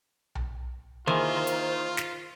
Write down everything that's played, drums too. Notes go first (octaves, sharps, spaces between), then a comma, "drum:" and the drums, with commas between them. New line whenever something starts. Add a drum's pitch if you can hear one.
drum: tom B1
D#3 A#3 E4 F4 G#4 C5, drum: tom D#3
drum: hi-hat
drum: snare